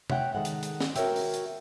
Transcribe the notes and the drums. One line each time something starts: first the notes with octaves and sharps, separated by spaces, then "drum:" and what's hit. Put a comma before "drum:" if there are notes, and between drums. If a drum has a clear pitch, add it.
C#5 E5 F#5 G5, drum: tom C3
D#3 G#3 A4 F#5
drum: hi-hat
drum: hi-hat
drum: snare
F#4 A#4 C5 C#5 E5 G5, drum: hi-hat
drum: open hi-hat
drum: hi-hat